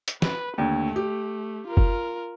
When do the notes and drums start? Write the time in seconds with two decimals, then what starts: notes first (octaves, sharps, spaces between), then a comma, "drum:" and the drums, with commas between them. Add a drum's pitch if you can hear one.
0.08 drum: hi-hat
0.22 B4, drum: snare
0.58 D#2 D3 A3
0.96 G4
1.67 F4 A#4
1.77 drum: kick